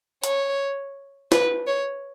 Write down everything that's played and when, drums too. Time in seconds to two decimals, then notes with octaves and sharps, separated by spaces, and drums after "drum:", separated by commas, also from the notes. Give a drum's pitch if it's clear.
0.24 C#5, drum: hi-hat
1.32 B4, drum: snare
1.67 C#5